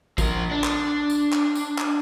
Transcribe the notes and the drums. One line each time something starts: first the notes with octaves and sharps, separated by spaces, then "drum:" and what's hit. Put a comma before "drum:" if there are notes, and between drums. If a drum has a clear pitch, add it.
F3 A#4, drum: kick, tambourine
D4
drum: clap
drum: tambourine
drum: clap
drum: tambourine
drum: clap